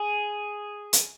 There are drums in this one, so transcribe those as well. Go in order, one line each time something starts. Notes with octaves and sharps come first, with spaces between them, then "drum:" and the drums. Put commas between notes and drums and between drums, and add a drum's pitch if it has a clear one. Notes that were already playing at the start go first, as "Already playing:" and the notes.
Already playing: G#4
drum: hi-hat